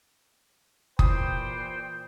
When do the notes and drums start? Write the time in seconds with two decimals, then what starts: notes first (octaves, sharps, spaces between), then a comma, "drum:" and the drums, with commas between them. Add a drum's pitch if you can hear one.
0.99 A#2 E3 G4 B4 C5 G5 D#6, drum: kick F#1